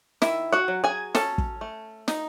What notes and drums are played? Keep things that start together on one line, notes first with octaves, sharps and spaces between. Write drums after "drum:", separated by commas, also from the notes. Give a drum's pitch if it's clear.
D#3 E4 E5, drum: snare
F#4 F#5
F#3
G#4 G#5
C#4 A4 A5, drum: snare
drum: kick
A3
D#4, drum: snare